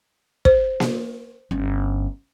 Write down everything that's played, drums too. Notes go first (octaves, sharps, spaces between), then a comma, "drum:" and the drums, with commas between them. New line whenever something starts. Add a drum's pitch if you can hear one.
C5, drum: kick
drum: snare A#3
G1 C#4